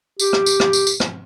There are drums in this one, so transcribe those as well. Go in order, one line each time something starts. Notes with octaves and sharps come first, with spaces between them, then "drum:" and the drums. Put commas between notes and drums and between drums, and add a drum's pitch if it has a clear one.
G4, drum: tambourine
drum: rim click
drum: tambourine
drum: rim click
drum: tambourine
drum: tambourine
drum: rim click